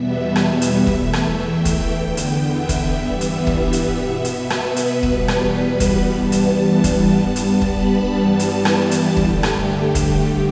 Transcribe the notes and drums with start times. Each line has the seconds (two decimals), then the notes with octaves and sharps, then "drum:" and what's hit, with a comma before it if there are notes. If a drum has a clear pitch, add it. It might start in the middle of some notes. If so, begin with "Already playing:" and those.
Already playing: E2 B2 G3 B3 E5
0.36 drum: rim click
0.62 drum: hi-hat
0.87 E2 E3 A3 E5, drum: kick
1.13 drum: rim click
1.40 G5
1.65 drum: kick, hi-hat
1.91 E2 D3 B3
2.17 drum: hi-hat
2.42 E5
2.69 drum: kick, hi-hat
2.94 G2 E3 G3 B3
3.21 drum: hi-hat
3.47 drum: kick
3.73 drum: hi-hat
3.98 B2 B3
4.25 drum: hi-hat
4.50 B4, drum: rim click
4.76 drum: hi-hat
5.03 E2 B2 G3 B3 B4, drum: kick
5.28 drum: rim click
5.54 B5
5.80 drum: kick, hi-hat
6.06 G2 E3 G3 B3 A5
6.32 drum: hi-hat
6.58 A5
6.84 drum: kick, hi-hat
7.09 G2 G3 B3
7.36 drum: hi-hat
7.62 B5, drum: kick
8.13 G2 E3 G3 B3 A5
8.39 drum: hi-hat
8.65 A5, drum: rim click
8.91 drum: hi-hat
9.17 G2 D3 A3 G4, drum: kick
9.43 drum: rim click
9.95 drum: kick, hi-hat